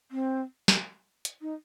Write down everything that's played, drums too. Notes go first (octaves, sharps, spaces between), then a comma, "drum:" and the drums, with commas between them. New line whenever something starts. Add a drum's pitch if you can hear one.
C4
drum: snare
drum: hi-hat
D#4